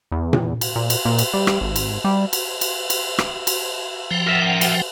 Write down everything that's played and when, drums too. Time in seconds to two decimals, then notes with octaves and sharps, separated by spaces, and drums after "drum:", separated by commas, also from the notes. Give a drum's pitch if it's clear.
0.12 E2
0.33 drum: tom A#2
0.61 drum: cymbal
0.76 A#2
0.90 drum: cymbal
1.05 A#2
1.19 drum: cymbal
1.34 G3
1.47 drum: rim click
1.61 G#1
1.76 drum: cymbal
2.04 G3
2.33 drum: cymbal
2.61 drum: cymbal
2.90 drum: cymbal
3.18 drum: rim click
3.47 drum: cymbal
4.11 F3 F#5 G5
4.27 A#4 E5
4.61 drum: cymbal